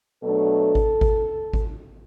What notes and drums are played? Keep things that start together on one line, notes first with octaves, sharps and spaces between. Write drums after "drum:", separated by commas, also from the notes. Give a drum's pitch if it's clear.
B2 F#3 A3 D4 A4
drum: kick G#1
drum: kick G#1
drum: kick G#1